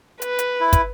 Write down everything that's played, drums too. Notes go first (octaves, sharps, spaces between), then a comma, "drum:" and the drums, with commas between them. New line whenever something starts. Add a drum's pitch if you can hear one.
B4, drum: hi-hat
drum: hi-hat
E4
drum: kick, hi-hat